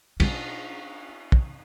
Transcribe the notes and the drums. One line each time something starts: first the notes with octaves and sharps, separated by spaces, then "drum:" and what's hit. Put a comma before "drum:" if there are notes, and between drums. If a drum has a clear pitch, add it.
C#4 D4, drum: cymbal
drum: kick